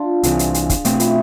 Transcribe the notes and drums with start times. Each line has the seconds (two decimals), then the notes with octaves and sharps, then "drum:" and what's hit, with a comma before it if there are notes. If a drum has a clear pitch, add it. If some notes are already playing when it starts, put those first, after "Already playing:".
Already playing: D4 F4
0.23 C2 C3 E3 G#4, drum: hi-hat
0.39 drum: hi-hat
0.54 drum: hi-hat
0.70 drum: kick, hi-hat
0.85 B2 A3 C4 F4, drum: hi-hat
1.00 E4, drum: hi-hat